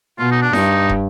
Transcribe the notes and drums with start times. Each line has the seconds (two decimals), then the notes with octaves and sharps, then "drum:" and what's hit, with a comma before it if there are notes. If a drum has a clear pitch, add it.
0.19 B2 F4
0.31 D#4
0.42 D4
0.53 G2 D#4, drum: snare E4
0.90 drum: kick